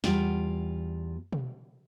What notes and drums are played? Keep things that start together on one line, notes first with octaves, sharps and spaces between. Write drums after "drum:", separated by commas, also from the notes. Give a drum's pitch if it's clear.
E2 G3 F4 F#5 G5, drum: snare
drum: tom B2